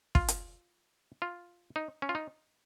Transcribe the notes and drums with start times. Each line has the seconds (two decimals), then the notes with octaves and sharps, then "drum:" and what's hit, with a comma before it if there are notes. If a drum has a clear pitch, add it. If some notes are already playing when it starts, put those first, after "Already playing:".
0.15 F4, drum: kick
0.28 drum: hi-hat
1.22 F4
1.76 D#4
2.02 C#4
2.09 F4
2.15 D#4